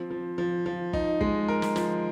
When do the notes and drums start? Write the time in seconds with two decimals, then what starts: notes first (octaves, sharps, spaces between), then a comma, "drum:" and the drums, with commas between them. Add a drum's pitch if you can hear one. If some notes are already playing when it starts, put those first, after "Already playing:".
Already playing: F3 C4
0.11 F3
0.38 F3
0.66 F3
0.93 D#4, drum: kick
1.21 G#3, drum: kick
1.48 A#4
1.62 drum: snare
1.76 F3, drum: snare